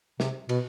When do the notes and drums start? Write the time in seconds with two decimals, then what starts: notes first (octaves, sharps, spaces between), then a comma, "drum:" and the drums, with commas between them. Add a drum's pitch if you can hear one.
0.20 C3, drum: snare
0.49 B2, drum: cymbal